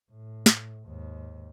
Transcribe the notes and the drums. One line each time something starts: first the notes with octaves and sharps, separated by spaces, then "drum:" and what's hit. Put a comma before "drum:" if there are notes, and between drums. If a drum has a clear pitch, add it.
A2
drum: snare
D#2 G#2